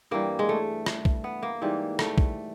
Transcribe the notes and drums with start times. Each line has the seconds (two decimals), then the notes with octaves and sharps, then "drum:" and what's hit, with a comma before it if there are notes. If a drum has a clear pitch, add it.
0.11 G2 E3 G3 A#3
0.39 G#3
0.49 A3
0.86 drum: rim click
1.05 drum: kick
1.24 B3
1.43 A#3
1.62 G#2 E3 G3
1.99 A3, drum: rim click
2.18 drum: kick